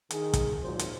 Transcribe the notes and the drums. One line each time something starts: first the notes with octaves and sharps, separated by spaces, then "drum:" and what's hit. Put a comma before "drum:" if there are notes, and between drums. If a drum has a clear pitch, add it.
D#3 G#4, drum: hi-hat
drum: kick, hi-hat
G#1 A#2 F#3 C5
drum: hi-hat